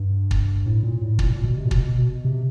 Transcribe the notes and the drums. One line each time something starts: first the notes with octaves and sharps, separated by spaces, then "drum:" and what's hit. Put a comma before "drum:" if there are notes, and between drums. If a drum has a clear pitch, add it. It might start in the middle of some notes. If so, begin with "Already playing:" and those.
Already playing: G2
drum: kick
A2
A#2
A2
A#2, drum: kick
A#2
B2
C3
A#2
B2, drum: kick
B2
C3